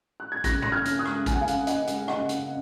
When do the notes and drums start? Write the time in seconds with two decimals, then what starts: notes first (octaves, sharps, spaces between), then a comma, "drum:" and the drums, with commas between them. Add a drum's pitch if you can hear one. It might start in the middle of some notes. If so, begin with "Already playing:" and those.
0.20 F#6
0.32 G#6
0.44 C#3 F#6 A#6, drum: kick G#1, hi-hat
0.62 C#3 A#6, drum: tom
0.72 F6 G#6
0.85 C#4, drum: hi-hat
0.99 D#6 F#6
1.05 G#3, drum: rim click
1.26 C#3 G#5, drum: kick G#1, hi-hat
1.34 F#5
1.41 F5 G#5
1.48 C#3, drum: hi-hat
1.67 C#4 D#5 F#5, drum: hi-hat
1.87 G#3, drum: hi-hat
2.08 C#3 D#5 F#5, drum: rim click
2.29 C#3, drum: hi-hat